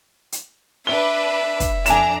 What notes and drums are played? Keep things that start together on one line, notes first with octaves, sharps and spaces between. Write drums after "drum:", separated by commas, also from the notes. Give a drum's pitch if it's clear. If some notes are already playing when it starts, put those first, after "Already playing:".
drum: hi-hat
D4 B4 E5 G7
drum: kick, hi-hat
F2 D4 G#5 A#5 E7, drum: hi-hat